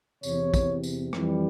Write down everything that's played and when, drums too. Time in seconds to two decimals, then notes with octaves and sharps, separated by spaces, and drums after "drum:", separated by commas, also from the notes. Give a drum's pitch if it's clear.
0.23 E2 C3 E3 C#5, drum: tambourine
0.54 drum: kick, tambourine
0.83 drum: tambourine
1.13 F2 E3 G3, drum: rim click